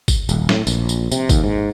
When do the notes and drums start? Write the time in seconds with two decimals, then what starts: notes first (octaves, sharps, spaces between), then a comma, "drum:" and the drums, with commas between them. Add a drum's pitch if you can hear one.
0.08 drum: kick G#1, tambourine
0.29 D#1, drum: tambourine
0.49 A2, drum: snare
0.67 A#1, drum: tambourine
0.89 drum: tambourine
1.12 C3, drum: tambourine
1.29 D#2, drum: kick G#1, tambourine
1.44 G#2